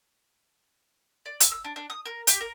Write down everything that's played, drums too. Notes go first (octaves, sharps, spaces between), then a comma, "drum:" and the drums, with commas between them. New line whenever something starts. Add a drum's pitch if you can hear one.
D5
E6, drum: hi-hat
E6
D4
D4
D#6
A#4
G4, drum: hi-hat
A#4